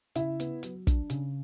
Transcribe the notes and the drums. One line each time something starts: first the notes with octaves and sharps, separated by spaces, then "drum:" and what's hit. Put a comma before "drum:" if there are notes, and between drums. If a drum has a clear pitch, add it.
C#3 E4 E5, drum: hi-hat
B3, drum: hi-hat
F#3, drum: hi-hat
D4, drum: kick, hi-hat
C#3, drum: hi-hat